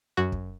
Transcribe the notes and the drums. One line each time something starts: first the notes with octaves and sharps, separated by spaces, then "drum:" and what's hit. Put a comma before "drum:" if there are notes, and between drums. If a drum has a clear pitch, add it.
F#2 F#4
drum: kick